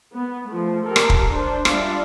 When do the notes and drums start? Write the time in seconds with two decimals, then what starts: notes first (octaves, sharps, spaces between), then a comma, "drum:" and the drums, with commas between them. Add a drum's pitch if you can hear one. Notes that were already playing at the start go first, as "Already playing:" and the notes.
0.12 B3
0.49 F3 A3
0.85 G4 A4 A#4
0.96 drum: rim click
1.10 drum: kick
1.28 D4 C5
1.65 G3 D4 F4 D5 E5 F5, drum: rim click